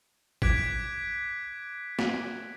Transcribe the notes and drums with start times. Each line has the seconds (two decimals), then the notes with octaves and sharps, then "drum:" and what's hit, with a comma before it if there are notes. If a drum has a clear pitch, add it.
0.42 D6 F#6 G#6 B6 D7, drum: kick G#1
1.99 drum: snare